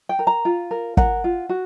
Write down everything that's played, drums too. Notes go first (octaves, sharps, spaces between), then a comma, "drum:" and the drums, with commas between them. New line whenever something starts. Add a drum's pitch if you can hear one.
G5
A#4
A#5
F4
A#4
A#4 F#5, drum: kick
F4
F#4